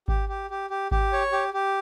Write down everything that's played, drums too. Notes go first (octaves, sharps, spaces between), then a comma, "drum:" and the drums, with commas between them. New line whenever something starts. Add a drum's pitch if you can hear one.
G4, drum: kick G#1
G4
G4
G4
G4, drum: kick G#1
C#5
G4
G4